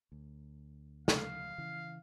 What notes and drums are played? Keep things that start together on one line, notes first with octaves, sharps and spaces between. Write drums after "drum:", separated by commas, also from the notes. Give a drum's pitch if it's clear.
D2
F5, drum: snare
C#3 E3